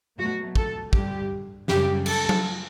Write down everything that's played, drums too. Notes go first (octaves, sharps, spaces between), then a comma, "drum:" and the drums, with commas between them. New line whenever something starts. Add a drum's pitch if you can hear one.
B2 F#3 A3 F#4
A4, drum: kick
G2 D3 G3 G4, drum: kick
F#2 C#3 G3 G4, drum: snare
A4, drum: cymbal
drum: tom F#3